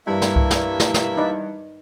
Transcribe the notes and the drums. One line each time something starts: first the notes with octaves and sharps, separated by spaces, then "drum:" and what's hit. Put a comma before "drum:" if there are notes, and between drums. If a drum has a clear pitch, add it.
G2 E3 A#3 E4 E5
drum: snare
drum: kick C2
drum: snare
drum: snare
drum: snare
D#4 B4 D5